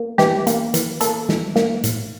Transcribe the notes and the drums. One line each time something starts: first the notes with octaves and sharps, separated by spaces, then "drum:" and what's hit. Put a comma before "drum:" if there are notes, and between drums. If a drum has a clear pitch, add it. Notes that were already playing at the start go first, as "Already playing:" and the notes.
Already playing: A#3
E3 G4, drum: snare
A#3, drum: hi-hat
E3, drum: hi-hat
A#3 A4, drum: hi-hat
E3, drum: snare
A#3, drum: snare
A2, drum: hi-hat